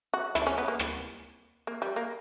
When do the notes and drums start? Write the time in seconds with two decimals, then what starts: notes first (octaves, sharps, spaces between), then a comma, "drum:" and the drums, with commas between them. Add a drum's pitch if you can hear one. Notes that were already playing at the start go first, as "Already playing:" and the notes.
0.14 F#4
0.35 E4, drum: rim click
0.42 D4
0.47 C#4
0.58 B3
0.68 A#3
0.79 drum: rim click
1.67 A#3
1.82 G3
1.96 A#3